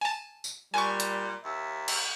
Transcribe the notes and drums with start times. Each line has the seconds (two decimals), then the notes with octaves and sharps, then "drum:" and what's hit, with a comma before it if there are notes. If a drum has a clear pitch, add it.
0.01 G#5 A5
0.44 drum: tambourine
0.74 A#2 G3 G#5 C#6
1.00 drum: hi-hat
1.45 D#2 E5
1.88 drum: cymbal